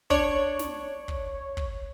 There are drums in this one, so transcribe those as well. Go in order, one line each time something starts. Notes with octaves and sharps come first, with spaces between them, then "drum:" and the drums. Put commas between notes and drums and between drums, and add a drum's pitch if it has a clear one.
D4 C#5, drum: kick
drum: snare
drum: kick
drum: kick